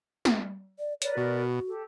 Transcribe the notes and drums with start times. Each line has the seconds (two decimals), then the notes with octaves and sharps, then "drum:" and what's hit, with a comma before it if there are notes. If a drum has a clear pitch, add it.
0.25 drum: snare
0.79 D5
1.02 A#4 B4 C#5 D5, drum: hi-hat
1.17 B2 F#4
1.67 G4 A4